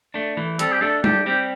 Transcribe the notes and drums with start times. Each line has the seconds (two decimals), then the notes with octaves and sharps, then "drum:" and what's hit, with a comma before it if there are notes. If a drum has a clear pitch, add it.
0.14 A3 D4
0.37 E3 A3
0.59 G3 C4 A4, drum: hi-hat
0.72 G4
0.81 A3 D4 A4
1.04 A3 D4 G4, drum: tom G3
1.26 G3 C4 G4